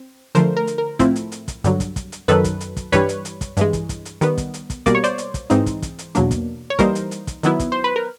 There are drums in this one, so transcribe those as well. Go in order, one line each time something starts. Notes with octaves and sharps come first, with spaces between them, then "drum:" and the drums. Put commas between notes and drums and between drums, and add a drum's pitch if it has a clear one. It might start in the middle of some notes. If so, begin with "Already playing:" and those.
Already playing: C4
D3 F3 A3 A#4 C5, drum: hi-hat
A#4
drum: hi-hat
A#4
A2 F3 A3 C4 E4, drum: kick, hi-hat
drum: hi-hat
drum: hi-hat
drum: kick, hi-hat
G2 D3 F#3, drum: hi-hat
drum: kick, hi-hat
drum: kick, hi-hat
drum: hi-hat
F#2 D#3 F#3 A4 B4, drum: hi-hat
drum: kick, hi-hat
drum: hi-hat
drum: kick, hi-hat
G2 E3 G3 B4 C#5, drum: kick, hi-hat
drum: hi-hat
drum: hi-hat
drum: kick, hi-hat
G2 E3 G#3, drum: hi-hat
drum: kick, hi-hat
drum: kick, hi-hat
drum: hi-hat
D#3 G3 B3, drum: hi-hat
drum: kick, hi-hat
drum: hi-hat
drum: kick, hi-hat
B2 G3 A#3 D5, drum: kick, hi-hat
C#5
C5 D5, drum: hi-hat
drum: hi-hat
drum: kick, hi-hat
G#2 E3 G#3 C4 D#4, drum: hi-hat
drum: kick, hi-hat
drum: kick, hi-hat
drum: hi-hat
E2 B2 F#3 A#3 D4, drum: hi-hat
drum: kick, hi-hat
C#5
E3 G3 A#3 D#4 A#4 C5, drum: kick, hi-hat
drum: hi-hat
drum: hi-hat
drum: kick, hi-hat
D#3 F#3 B3 E4, drum: hi-hat
drum: kick, hi-hat
C5
B4
A#4